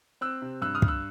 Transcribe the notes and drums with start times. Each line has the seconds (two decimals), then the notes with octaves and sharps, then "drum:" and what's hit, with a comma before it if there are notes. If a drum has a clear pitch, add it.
0.21 C4 E6 F#6
0.42 C3
0.62 G2 E6 F#6
0.75 D#6 F6
0.82 G2, drum: kick
0.88 E6 F#6